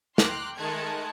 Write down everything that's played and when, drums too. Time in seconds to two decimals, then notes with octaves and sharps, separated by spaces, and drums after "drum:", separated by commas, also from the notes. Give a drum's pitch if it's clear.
0.18 G5 A#5 C6 D6 F6 F#6, drum: snare
0.57 D#3 G#3 A3 A4 F#6 G#6